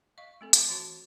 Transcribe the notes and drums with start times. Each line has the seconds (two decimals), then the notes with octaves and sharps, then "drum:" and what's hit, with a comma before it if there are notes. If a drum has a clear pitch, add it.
0.18 D#5 F5 C#6
0.41 A3 C4 A4
0.53 drum: hi-hat
0.69 E3 F#4 A5